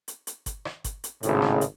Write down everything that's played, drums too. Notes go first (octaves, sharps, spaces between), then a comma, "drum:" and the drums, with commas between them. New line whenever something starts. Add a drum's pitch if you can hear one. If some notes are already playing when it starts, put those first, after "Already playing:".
drum: hi-hat
drum: hi-hat
drum: kick G1, hi-hat
drum: rim click
drum: kick G1, hi-hat
drum: hi-hat
G#1 A2 C#3, drum: hi-hat
drum: rim click
drum: hi-hat